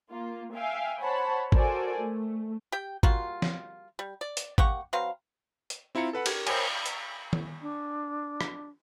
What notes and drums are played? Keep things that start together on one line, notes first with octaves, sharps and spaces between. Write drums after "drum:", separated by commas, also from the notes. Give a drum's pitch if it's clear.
A#3 F4
E5 F5 G5 G#5
C5 C#5 F#5 A5 B5
F#4 A4 A#4 C5 D5 G#5, drum: kick G#1
A3
G4 G5
G3 A#3 F4 F#4, drum: kick G#1
drum: snare E3
G3
D5
drum: hi-hat
A#3 G4 F#5 C#6, drum: kick G#1
F#3 C4 B4 F5
drum: hi-hat
C4 E4 F4 A#5 C#7
A4 B4 F#5 B5
G4 A#4 G#6, drum: cymbal
A#4 C5 C#5 G5 G#5, drum: cymbal
drum: hi-hat
drum: tom D#3
D4
drum: rim click